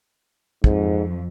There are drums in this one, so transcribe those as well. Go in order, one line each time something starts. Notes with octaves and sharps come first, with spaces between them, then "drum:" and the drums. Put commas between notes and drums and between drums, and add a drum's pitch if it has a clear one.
F2 G#2, drum: kick